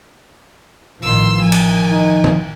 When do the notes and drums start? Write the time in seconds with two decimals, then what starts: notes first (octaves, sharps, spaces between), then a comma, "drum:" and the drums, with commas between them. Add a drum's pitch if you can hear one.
1.02 A1 D#3 F3 C6 E6
1.42 D#3 F3 G#5
1.52 drum: cymbal
1.92 D#4
2.24 drum: tom